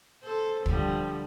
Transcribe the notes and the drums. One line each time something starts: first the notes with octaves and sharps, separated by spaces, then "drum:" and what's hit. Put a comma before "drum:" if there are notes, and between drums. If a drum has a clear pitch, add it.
A4 C5
D3 F3 G3, drum: kick